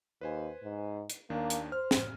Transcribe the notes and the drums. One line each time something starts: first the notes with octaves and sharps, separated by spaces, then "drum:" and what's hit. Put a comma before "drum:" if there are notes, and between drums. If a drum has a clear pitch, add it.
D#2 B4 C5 G#5
G#2
drum: hi-hat
D#2 D#3 A#3 D4
drum: hi-hat
C5 F6
drum: snare